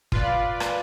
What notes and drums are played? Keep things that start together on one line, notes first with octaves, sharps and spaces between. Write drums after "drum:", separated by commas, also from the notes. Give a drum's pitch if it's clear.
F4 B4 D5, drum: kick
drum: rim click